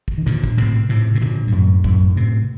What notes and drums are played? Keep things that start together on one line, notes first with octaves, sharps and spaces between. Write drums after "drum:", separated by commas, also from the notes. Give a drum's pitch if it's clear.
drum: kick
D#3
A#2 D3
drum: kick
A2 C3
A2 C3
C3
A#2 D3
G2
F#2 A2
F#2 A2, drum: kick
A2 C3